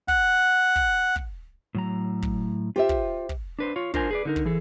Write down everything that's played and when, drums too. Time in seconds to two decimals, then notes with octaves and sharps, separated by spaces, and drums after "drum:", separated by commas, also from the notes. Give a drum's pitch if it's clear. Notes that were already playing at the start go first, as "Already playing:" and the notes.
0.08 F#5, drum: kick
0.76 drum: kick
1.16 drum: kick
1.75 A2 F#3 A#5
2.22 drum: kick
2.76 F4 G4 C5 E5
2.89 drum: kick
3.29 drum: kick
3.59 D4 B4 C5
3.76 F4 C#5
3.94 D4 F4 A#4 C5 G5 G#5, drum: kick
4.11 G#4 B4 D5
4.25 D3 D#4 A#4
4.36 drum: kick
4.46 E3 G#4 A4